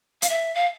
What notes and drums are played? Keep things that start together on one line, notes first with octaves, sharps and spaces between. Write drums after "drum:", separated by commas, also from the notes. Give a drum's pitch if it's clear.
F5, drum: hi-hat
E5
F5